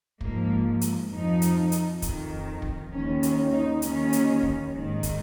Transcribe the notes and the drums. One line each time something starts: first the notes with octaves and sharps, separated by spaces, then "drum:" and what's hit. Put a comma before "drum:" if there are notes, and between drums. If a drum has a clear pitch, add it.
G#2 F3 A#3, drum: kick
drum: hi-hat
F2 F3 D#4
drum: hi-hat
drum: hi-hat
F2 D#3, drum: kick, hi-hat
drum: kick
D#2 D#3 C#4
C#4, drum: hi-hat
D#4
D#2 D#3 C#4, drum: hi-hat
drum: hi-hat
drum: kick
G#2 D#3
drum: kick, hi-hat